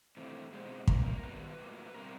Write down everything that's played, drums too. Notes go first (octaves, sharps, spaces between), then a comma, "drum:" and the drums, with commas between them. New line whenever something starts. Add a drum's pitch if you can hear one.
C3 E3 A3 C4
B2 G#3 C4
A#2 G3 C4 A#4, drum: kick
A#4
G2 D#3 F#3 B3 B4
A2 F#3 A#3
B2 G3 C4 A#4